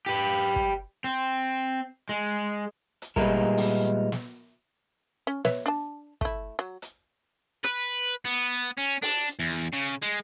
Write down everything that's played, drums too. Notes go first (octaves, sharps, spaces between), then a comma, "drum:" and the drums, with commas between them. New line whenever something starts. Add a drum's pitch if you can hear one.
G4 B4
drum: kick
C4
G#3
drum: hi-hat
A#2 G3 G#3 B3 E4 A#4, drum: kick
drum: open hi-hat
drum: snare
C#4
B4 C#5 E5, drum: snare
D4 A5
A3 E4, drum: kick
F#3
drum: hi-hat
B4, drum: rim click
B3
C#4
D4, drum: open hi-hat
E2
C#3
G#3